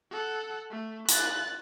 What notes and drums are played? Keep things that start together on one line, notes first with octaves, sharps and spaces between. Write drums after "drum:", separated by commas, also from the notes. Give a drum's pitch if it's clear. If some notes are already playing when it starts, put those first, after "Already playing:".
A4 F#5
A3
F#6 A6, drum: hi-hat